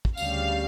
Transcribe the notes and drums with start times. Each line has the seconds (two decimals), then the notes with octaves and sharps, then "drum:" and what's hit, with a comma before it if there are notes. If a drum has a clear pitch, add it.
0.05 drum: kick
0.17 D2 C#3 G3 F5, drum: tambourine